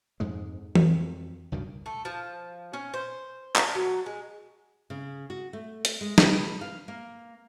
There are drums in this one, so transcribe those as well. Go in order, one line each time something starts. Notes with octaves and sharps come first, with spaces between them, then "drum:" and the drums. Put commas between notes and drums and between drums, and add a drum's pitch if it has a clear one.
F2 G#2 G#3
F2, drum: tom E3
C#2 G2 B2 D#3
A3
F3
C#4
C5
D4, drum: clap
F#3
G#3
C#3
F#4
A3
drum: hi-hat
G#3
B4, drum: snare
F5
A#3